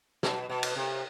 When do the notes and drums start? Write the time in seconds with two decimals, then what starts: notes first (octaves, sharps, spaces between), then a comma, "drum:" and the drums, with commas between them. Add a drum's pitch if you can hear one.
0.23 B2, drum: snare
0.49 B2
0.63 drum: cymbal
0.76 C3